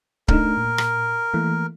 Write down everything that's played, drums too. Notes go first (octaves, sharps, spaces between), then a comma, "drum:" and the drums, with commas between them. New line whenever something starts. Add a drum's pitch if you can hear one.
A3 D4 D#4 A#4, drum: kick C#1
A#2
drum: rim click
E3 A3 A#3